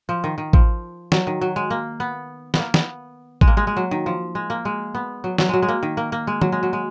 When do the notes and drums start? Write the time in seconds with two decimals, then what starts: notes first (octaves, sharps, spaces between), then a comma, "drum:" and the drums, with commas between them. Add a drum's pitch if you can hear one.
0.09 F3
0.24 D#3
0.38 D#3
0.53 F3, drum: kick A1
1.12 F#3, drum: snare
1.27 D#3
1.41 F#3
1.56 G#3
1.70 A#3
2.00 B3
2.54 B3, drum: snare
2.59 A#3
2.74 B3, drum: snare
3.41 G#3, drum: kick A1
3.47 A#3
3.57 G#3
3.67 G#3
3.76 F#3
3.91 D#3
4.06 F3
4.35 G#3
4.50 A#3
4.65 G#3
4.95 B3
5.24 F#3
5.38 F#3, drum: snare
5.49 F#3 G#3
5.62 G#3
5.68 A#3
5.83 D#3
5.97 A#3
6.12 A#3
6.27 G#3
6.41 F#3, drum: tom
6.52 G#3
6.63 F#3
6.73 G#3